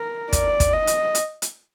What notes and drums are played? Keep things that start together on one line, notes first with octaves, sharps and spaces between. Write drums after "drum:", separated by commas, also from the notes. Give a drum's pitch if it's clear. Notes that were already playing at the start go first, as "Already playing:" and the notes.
Already playing: A#4
D5, drum: kick, hi-hat
drum: kick, hi-hat
D#5
drum: hi-hat
drum: hi-hat
drum: hi-hat